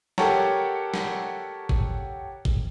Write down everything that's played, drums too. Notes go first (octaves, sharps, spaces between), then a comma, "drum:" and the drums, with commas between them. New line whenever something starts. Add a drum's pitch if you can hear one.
G4 A4 A#4 C#5 F#5 A#5, drum: snare
drum: snare
drum: kick G#1
drum: kick G#1